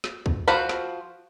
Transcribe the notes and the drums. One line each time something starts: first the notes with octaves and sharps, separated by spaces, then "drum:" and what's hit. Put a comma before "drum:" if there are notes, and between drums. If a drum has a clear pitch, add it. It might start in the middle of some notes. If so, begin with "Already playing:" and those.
drum: snare
drum: kick
F3 F#4 C5 F5 B5
drum: snare